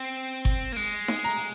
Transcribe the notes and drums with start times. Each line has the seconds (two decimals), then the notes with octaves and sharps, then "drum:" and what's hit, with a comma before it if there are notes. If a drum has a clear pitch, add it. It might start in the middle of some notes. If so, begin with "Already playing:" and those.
Already playing: C4
0.45 drum: kick G1
0.72 A#3
0.77 G#3
1.08 drum: snare D#4
1.24 A#5